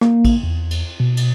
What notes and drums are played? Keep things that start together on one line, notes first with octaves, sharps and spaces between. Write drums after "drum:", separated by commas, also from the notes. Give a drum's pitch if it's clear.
A#3, drum: rim click
drum: kick A1, cymbal
E2
drum: cymbal
B2
drum: cymbal